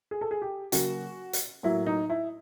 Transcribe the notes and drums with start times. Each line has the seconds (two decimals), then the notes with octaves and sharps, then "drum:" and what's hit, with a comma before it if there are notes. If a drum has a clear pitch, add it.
0.11 G#4
0.21 A4
0.31 G#4
0.42 G4
0.72 C#3 F#3 A#3 F#4, drum: hi-hat
1.33 drum: hi-hat
1.63 A2 F#3 A#3 E4
1.86 D#4
2.10 E4